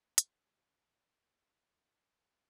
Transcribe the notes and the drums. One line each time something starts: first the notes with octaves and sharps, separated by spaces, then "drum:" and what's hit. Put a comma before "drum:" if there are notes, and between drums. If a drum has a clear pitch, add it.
A#2 C#3 F3 G3 G#3, drum: hi-hat